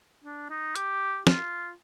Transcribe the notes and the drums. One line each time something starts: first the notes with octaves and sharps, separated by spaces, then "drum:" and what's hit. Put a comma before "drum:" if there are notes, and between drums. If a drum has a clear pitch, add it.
D4
D#4
G4, drum: hi-hat
F4, drum: snare